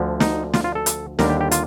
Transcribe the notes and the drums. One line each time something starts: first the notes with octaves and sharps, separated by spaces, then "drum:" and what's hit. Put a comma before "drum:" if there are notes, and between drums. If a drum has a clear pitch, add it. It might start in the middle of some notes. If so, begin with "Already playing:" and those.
Already playing: D2 D3 F3
D#4, drum: snare
F4, drum: snare
F4
A4
drum: hi-hat
D#2 D3 G3 D4 A#4, drum: snare
G4
G4
F4, drum: hi-hat